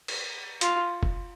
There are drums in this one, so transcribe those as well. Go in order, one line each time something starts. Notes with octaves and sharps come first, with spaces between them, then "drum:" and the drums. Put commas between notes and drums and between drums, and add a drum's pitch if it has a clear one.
drum: cymbal
F4, drum: hi-hat
drum: kick